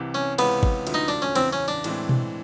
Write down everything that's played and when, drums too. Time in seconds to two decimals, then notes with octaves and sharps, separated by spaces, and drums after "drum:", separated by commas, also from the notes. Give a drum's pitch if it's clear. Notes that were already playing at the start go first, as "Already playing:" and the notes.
Already playing: C2 C3 E3
0.15 C#4
0.39 C#2 C3 E3 G#3 B3 C#4, drum: cymbal
0.63 drum: kick G#1
0.87 D2 D3 F3 A3, drum: cymbal
0.94 D#4
1.08 D4
1.22 C#4
1.36 E2 C#3 E3 C4, drum: cymbal
1.53 C#4
1.68 D4
1.84 A2 E3 G#3 C4, drum: cymbal
2.09 drum: tom B2